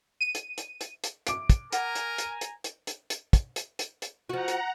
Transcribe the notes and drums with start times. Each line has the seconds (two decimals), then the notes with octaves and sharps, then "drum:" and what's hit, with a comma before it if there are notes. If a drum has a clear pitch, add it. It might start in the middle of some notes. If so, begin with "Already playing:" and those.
0.21 D#7
0.35 drum: hi-hat
0.58 drum: hi-hat
0.81 drum: hi-hat
1.04 drum: hi-hat
1.27 D6 D7, drum: hi-hat
1.50 drum: kick, hi-hat
1.73 A#4 F#5 G#5 A#5, drum: hi-hat
1.95 drum: hi-hat
2.18 drum: hi-hat
2.41 drum: hi-hat
2.64 drum: hi-hat
2.87 drum: hi-hat
3.10 drum: hi-hat
3.33 drum: kick, hi-hat
3.56 drum: hi-hat
3.79 drum: hi-hat
4.02 drum: hi-hat
4.29 F3 F#4 F#5 A#5
4.48 drum: hi-hat